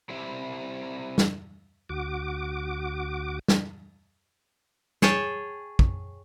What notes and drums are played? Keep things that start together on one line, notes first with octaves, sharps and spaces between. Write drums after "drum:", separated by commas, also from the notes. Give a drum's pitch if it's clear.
G3 C4 E4
drum: snare
D2 F#4 D6
drum: snare
G#4 C#5 G5 A5, drum: snare
drum: kick